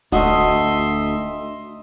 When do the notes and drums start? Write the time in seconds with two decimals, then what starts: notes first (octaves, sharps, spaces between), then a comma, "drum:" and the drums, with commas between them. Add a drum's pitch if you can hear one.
0.12 D2 F#4 D#5 E5 C6 D#6, drum: kick D1